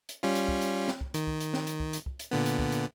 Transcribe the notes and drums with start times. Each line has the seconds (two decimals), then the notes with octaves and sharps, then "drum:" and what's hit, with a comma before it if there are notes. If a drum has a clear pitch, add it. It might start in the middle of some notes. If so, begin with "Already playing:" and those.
0.09 drum: hi-hat
0.23 G3 C#4 F4
0.35 drum: hi-hat
0.48 drum: kick
0.61 drum: hi-hat
0.88 drum: snare
1.01 drum: kick
1.14 D#3, drum: hi-hat
1.27 drum: kick
1.40 drum: hi-hat
1.54 drum: snare
1.67 drum: hi-hat
1.80 drum: kick
1.93 drum: hi-hat
2.06 drum: kick
2.19 drum: hi-hat
2.31 A#2 D3 B3
2.46 drum: hi-hat
2.59 drum: kick
2.72 drum: hi-hat